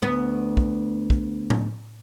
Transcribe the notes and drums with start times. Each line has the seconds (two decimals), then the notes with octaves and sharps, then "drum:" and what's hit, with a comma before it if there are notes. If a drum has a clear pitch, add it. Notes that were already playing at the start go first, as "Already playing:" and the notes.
0.02 D2 B3
0.57 drum: kick
1.10 drum: kick
1.50 drum: tom A2